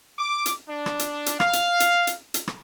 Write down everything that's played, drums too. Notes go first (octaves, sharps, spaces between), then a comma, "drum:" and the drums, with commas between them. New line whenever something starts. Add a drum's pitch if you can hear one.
D6
drum: hi-hat
D4
drum: rim click
drum: hi-hat
drum: hi-hat
F5, drum: rim click
drum: hi-hat
drum: hi-hat
drum: hi-hat
drum: hi-hat
drum: rim click